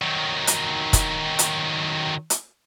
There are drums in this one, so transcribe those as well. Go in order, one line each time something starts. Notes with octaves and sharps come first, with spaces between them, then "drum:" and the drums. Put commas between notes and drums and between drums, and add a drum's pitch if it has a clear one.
D#3 F#3
drum: hi-hat
drum: kick, hi-hat
drum: hi-hat
drum: hi-hat